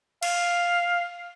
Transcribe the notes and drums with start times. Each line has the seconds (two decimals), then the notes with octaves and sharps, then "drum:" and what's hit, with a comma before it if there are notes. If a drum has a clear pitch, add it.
0.23 F5, drum: cymbal